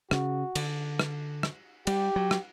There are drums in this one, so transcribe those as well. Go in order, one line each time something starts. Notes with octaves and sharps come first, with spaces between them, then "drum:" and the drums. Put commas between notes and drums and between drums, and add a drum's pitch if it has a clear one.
C#3 F#4, drum: rim click
D3, drum: cymbal
drum: rim click
drum: rim click
G3 G4, drum: cymbal
F#3
drum: rim click